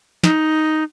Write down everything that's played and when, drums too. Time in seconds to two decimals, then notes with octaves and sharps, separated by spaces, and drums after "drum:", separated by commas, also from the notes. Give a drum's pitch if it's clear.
0.24 D#4, drum: snare